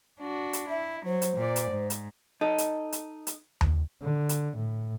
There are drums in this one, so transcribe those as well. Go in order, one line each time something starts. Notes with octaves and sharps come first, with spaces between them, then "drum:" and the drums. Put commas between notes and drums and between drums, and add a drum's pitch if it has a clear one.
D4 F#4
drum: hi-hat
E4 E5
F#3 C5
drum: hi-hat
A#2 D5
drum: hi-hat
G#2
drum: hi-hat
D#4 A4
drum: hi-hat
drum: hi-hat
drum: hi-hat
drum: tom D#2
D3
drum: hi-hat
A2